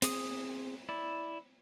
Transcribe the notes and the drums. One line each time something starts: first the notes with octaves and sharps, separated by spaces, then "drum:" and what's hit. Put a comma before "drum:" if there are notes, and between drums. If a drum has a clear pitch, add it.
C4 G#4 D#6, drum: hi-hat
E4 D5